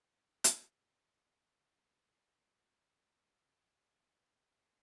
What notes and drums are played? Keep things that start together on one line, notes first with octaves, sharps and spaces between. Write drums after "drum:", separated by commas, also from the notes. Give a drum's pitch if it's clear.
drum: hi-hat
E5 F6
D#3 F3 F#3 G#3
D#4